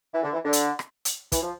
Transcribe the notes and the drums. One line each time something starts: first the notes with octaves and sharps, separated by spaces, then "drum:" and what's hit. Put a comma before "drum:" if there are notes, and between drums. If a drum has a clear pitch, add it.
E3
D3
E3
D3
drum: hi-hat
drum: rim click
drum: hi-hat
E3, drum: kick, hi-hat
F3